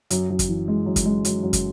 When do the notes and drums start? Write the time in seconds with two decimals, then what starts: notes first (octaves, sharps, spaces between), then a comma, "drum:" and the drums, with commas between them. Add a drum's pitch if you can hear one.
0.10 F#2, drum: hi-hat
0.30 F#2
0.39 drum: kick, hi-hat
0.48 E3
0.68 G#3
0.86 F#2
0.96 drum: kick, hi-hat
1.05 G#3
1.25 F#2, drum: hi-hat
1.43 F#2
1.53 drum: kick, hi-hat